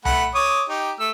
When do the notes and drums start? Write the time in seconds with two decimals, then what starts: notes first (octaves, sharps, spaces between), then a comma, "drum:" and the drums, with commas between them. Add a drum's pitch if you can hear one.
0.05 A3 F#5 B5, drum: tom C2
0.35 C#5 D6 D#6
0.69 D#4 G4
1.00 A3 E6